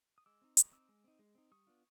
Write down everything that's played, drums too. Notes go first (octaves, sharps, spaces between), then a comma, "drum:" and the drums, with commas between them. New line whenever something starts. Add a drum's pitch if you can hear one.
D#6
G#3 D6 E6
C4 D#4
G#3 C#6 D#6, drum: hi-hat
C4 D#4 D6 E6
G#3
C4 D#4
G#3
C4 D#4
G3 C#6 D#6
B3 D4 F4